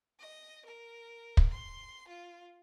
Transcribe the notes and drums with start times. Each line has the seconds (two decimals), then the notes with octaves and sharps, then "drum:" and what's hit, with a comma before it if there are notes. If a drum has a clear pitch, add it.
0.20 D#5
0.65 A#4
1.37 drum: kick
1.49 C6
2.08 F4